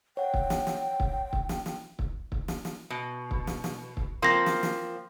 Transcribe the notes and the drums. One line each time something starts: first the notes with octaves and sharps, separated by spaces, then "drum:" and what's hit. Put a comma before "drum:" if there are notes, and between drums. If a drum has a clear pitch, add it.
C#5 F#5 G5
drum: kick
drum: snare
drum: snare
drum: kick
drum: kick
drum: snare
drum: snare
drum: kick
drum: kick
drum: snare
drum: snare
B2
drum: kick
drum: snare
drum: snare
drum: kick
F3 A#3 C4 C6 A#6
drum: snare
drum: snare